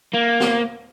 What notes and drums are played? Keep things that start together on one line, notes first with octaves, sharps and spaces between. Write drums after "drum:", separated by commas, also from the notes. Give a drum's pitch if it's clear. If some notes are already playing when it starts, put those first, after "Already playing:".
A#3
drum: snare